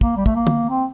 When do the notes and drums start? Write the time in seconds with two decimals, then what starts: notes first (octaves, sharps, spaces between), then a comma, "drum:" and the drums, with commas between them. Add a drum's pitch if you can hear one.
0.01 A#3, drum: kick
0.17 G3
0.26 A3, drum: kick
0.36 A#3
0.47 drum: tom
0.69 C4